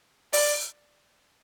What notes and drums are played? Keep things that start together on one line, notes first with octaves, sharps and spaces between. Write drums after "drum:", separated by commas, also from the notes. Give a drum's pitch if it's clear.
D5, drum: open hi-hat